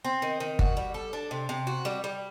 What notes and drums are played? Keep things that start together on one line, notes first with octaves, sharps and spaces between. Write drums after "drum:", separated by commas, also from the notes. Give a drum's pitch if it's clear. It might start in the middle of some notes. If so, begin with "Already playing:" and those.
C4
D#3
D#3
F#4, drum: kick G1
G3
A4
D4
C3
C3
F#4
G3
G3